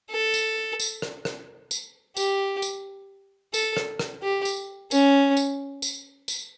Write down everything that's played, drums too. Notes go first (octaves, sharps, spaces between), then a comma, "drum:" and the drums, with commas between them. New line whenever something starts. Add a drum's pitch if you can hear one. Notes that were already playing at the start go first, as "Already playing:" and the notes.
A4
drum: tambourine
drum: tambourine
drum: rim click
drum: rim click
drum: tambourine
G4, drum: tambourine
drum: tambourine
A4, drum: tambourine
drum: rim click
drum: rim click
G4
drum: tambourine
C#4, drum: tambourine
drum: tambourine
drum: tambourine
drum: tambourine